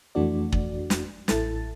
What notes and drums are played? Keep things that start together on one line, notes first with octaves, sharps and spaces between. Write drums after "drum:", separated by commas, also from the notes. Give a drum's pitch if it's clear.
F2 E3 A3 D4 F#4 D5
drum: kick
drum: snare
A1 E4 A4 A6, drum: snare